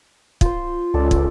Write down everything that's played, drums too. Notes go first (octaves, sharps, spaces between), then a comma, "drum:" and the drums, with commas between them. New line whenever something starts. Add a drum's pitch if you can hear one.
F4 C5, drum: kick
C#2 A4 D5
drum: kick